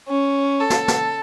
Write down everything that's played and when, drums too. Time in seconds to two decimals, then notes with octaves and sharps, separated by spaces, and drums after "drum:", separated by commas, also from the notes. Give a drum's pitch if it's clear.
0.09 C#4
0.60 A4
0.70 drum: snare
0.88 drum: snare